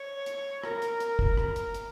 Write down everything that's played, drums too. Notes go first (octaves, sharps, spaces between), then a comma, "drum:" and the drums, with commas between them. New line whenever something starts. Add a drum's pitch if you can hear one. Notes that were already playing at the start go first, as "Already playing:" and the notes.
Already playing: C#5
drum: hi-hat
A#4, drum: rim click
drum: hi-hat
drum: hi-hat
drum: kick
drum: rim click
drum: hi-hat
drum: hi-hat